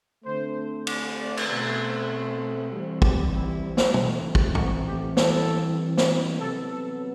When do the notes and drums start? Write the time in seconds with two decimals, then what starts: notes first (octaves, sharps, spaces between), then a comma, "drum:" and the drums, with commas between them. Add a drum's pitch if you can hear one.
0.25 D3 A3 C4 C5
0.87 D5, drum: cymbal
1.17 D5
1.37 drum: cymbal
1.48 B2 A3 C4
1.79 C5
2.70 E3 G3 C4
3.02 G4, drum: kick
3.33 E4
3.77 drum: snare
3.94 E3 A3 C4, drum: tom
4.35 drum: kick
4.55 F#4, drum: tom
4.86 G4
5.17 E3 G3 C4 A4, drum: snare
5.98 drum: snare
6.39 C3 F#3 B3 A4
6.70 A4